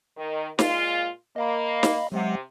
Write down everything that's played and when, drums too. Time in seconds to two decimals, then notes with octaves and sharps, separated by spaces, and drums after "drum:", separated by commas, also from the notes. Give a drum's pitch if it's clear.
0.17 D#3
0.59 A#2 G#3 F4, drum: snare
1.36 A#3 D#5 F5 B5
1.83 drum: snare
2.12 C3 F#3 G#3 F#5